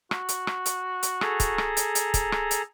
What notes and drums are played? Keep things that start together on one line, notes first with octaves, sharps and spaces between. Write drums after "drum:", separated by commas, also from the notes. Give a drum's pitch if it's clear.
F#4, drum: rim click
drum: hi-hat
drum: rim click
drum: hi-hat
drum: hi-hat
G#4 A4 A#5, drum: rim click
drum: kick, hi-hat
drum: rim click
drum: hi-hat
drum: hi-hat
drum: kick, hi-hat
drum: rim click
drum: hi-hat